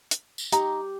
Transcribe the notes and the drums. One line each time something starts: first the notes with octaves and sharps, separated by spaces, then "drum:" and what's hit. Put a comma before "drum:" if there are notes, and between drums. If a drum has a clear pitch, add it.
drum: hi-hat
drum: tambourine
D#4 G4 A#5, drum: hi-hat